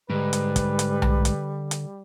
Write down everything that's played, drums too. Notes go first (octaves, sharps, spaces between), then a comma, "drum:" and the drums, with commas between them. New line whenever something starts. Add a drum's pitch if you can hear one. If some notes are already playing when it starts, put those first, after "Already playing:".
G#2 D3 G3 B4
drum: hi-hat
drum: kick, hi-hat
drum: hi-hat
drum: tom B1
drum: hi-hat
drum: hi-hat